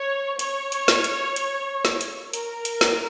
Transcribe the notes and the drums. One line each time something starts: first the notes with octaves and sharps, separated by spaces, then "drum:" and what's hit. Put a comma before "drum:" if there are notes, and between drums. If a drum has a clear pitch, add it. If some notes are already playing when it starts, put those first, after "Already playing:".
Already playing: C#5
C#5, drum: hi-hat
drum: hi-hat
drum: snare
drum: hi-hat
drum: hi-hat
drum: snare
drum: hi-hat
A#4, drum: hi-hat
drum: hi-hat
drum: snare